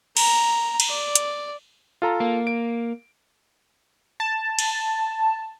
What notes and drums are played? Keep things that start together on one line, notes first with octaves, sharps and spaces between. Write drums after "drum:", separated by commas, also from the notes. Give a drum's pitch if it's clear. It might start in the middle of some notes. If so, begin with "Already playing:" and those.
A#5, drum: cymbal
drum: cymbal
D5
drum: hi-hat
F4 A4 A#5
A#3
D7
A5
drum: cymbal